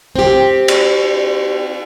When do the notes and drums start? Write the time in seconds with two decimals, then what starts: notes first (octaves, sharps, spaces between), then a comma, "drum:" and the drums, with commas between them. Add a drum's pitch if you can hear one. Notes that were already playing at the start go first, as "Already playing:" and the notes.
0.16 C4 G4
0.68 drum: cymbal